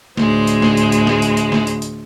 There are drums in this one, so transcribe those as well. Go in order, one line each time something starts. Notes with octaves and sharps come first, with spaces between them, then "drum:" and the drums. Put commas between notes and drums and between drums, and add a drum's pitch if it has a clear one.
D2 A2 G#3 C5, drum: snare
drum: hi-hat
drum: snare
drum: hi-hat
drum: hi-hat
drum: snare
drum: hi-hat
drum: hi-hat
drum: snare
drum: hi-hat
drum: hi-hat